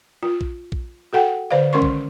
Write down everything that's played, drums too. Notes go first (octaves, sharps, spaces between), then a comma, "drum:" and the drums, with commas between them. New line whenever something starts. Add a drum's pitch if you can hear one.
F4
drum: kick A#1
drum: kick A#1
F#4 A4 F#5 G5
D3 C5 D5 F5
D#3 G#3 C#4 A#4 C6 C#6
drum: kick A#1